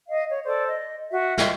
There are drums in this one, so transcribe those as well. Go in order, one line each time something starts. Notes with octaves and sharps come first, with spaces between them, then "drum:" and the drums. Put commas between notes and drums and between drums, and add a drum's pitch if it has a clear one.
D#5 F5
C#5
A4 C5 D5
D#5
F#4 E5
F4 D#5 E5 G5, drum: snare